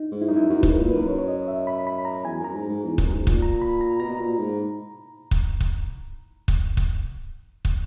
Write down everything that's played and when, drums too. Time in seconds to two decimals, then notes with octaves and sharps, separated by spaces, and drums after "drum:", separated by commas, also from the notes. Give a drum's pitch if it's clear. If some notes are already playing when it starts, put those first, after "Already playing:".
Already playing: D#4
0.11 G#2
0.22 E4
0.29 F#2 D#4
0.36 E4
0.49 F#2 F#4
0.63 G#2 B4, drum: kick
0.69 A#4
0.79 A#2
0.89 F#2 B4
1.08 C#5
1.19 C#5
1.28 D#5
1.48 E5
1.67 B5
1.87 B5
2.05 A#5
2.25 E2 G#5
2.40 F#2 A#5
2.54 G#2
2.68 G#2
2.84 E2
2.98 F#2, drum: kick
3.12 G#2
3.27 A#2, drum: kick
3.42 A#5
3.62 B5
3.81 A#5
4.00 B2 A#5
4.20 A#2
4.38 G#2
5.31 drum: kick
5.60 drum: kick
6.48 drum: kick
6.77 drum: kick
7.65 drum: kick